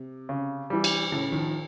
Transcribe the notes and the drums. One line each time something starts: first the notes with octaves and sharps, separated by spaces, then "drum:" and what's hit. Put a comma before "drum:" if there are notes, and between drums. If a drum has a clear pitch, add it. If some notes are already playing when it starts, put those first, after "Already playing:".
Already playing: C3
C#3
E3 G3
drum: cymbal
A2 C#3
D#3 F3